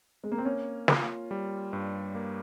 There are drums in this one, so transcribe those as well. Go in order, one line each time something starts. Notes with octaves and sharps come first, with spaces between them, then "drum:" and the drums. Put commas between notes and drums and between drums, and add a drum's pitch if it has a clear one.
G#3
A#3
C4
A#3 C#4
F4, drum: snare
G3
G2
A#3